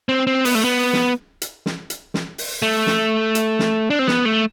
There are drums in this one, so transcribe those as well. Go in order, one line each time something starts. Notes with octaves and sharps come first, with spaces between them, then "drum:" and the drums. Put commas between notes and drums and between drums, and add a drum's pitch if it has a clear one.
C4
C4
B3, drum: open hi-hat
A3
B3
drum: snare
drum: hi-hat
drum: snare
drum: hi-hat
drum: snare
drum: open hi-hat
A3
drum: snare
drum: hi-hat
drum: snare
D4
C4
B3, drum: snare
A3